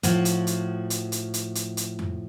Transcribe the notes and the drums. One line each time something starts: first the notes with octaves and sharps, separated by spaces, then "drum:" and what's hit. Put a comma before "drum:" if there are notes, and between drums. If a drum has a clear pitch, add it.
A2 F3 F#4, drum: hi-hat
drum: hi-hat
drum: hi-hat
drum: hi-hat
drum: hi-hat
drum: hi-hat
drum: hi-hat
drum: hi-hat
drum: tom F2